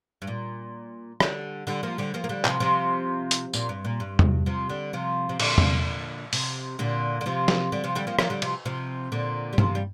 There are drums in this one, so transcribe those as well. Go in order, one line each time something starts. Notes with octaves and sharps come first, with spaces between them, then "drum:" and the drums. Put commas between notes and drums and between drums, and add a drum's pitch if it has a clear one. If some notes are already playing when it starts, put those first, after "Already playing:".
G2
A#2
D3 G3, drum: rim click
D3 G3
F3 A#3
D3 G3
F3 A#3
A#3
D3 G3
C3 F3, drum: clap
C3 F3
drum: hi-hat
A#2, drum: tambourine
G2
A#2
G2
drum: tom E2
C3 F3
D3 G3
C3 F3
C3
A#2 D3, drum: cymbal
drum: tom E2
C3, drum: open hi-hat
A#2 D3
D3
C3 F3
drum: snare
D3 G3
C3 F3
D3 G3
F3 A#3
F3 A#3, drum: rim click
D3 G3
C3 F3, drum: cymbal
C3 F3
A#2 D3
G3
C3 F3, drum: tom G2
G3